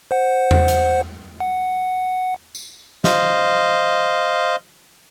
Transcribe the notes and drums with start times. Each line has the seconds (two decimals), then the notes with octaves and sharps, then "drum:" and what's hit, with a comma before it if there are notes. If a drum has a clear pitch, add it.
0.11 C5 F#5
0.51 drum: tom E2
0.68 drum: hi-hat
1.40 F#5
2.55 drum: tambourine
3.04 C5 D#5 F5, drum: snare